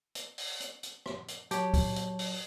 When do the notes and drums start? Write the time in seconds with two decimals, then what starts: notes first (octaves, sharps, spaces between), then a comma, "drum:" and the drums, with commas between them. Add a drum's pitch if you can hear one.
0.15 drum: hi-hat
0.38 drum: open hi-hat
0.60 drum: hi-hat
0.83 drum: hi-hat
1.06 drum: rim click
1.28 drum: hi-hat
1.51 F#3 G4 C#5 A5, drum: hi-hat
1.74 drum: kick, open hi-hat
1.96 drum: hi-hat
2.19 drum: open hi-hat